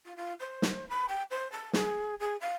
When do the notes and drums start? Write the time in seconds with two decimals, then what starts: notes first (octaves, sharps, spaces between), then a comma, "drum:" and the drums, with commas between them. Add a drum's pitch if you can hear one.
0.05 F4
0.17 F4
0.40 C5
0.62 drum: snare
0.89 B5
1.09 G5
1.31 C5
1.52 A5
1.73 G#4, drum: snare
2.20 G#4
2.40 F5